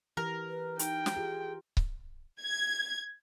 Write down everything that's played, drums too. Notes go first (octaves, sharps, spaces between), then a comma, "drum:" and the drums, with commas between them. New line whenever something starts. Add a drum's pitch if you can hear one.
E3 G4 A#4
B4
D#4 G5, drum: hi-hat
drum: snare
F4 G4 G#4
drum: kick C#1
G#6